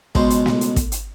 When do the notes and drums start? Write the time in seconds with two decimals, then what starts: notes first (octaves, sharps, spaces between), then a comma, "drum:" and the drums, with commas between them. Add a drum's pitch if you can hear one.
0.15 C#2 B2 G#3 B3 C5, drum: kick
0.30 drum: hi-hat
0.46 drum: snare
0.61 drum: hi-hat
0.76 drum: kick, hi-hat
0.92 drum: hi-hat